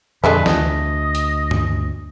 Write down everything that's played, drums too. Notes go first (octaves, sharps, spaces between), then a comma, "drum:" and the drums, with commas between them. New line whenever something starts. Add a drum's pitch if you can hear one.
F2 A#2 D3 G#3 A3 D4 B4
D2 D#5, drum: snare
drum: hi-hat
drum: tom G2